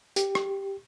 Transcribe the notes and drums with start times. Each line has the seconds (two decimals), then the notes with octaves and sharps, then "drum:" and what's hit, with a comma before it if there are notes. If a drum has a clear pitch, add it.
0.16 G4, drum: hi-hat
0.35 drum: rim click